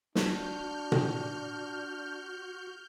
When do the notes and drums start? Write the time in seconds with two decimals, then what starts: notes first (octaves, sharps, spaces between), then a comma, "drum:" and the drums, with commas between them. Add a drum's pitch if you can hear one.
0.15 D4 F#4 F6 G6, drum: snare
0.92 drum: tom A#2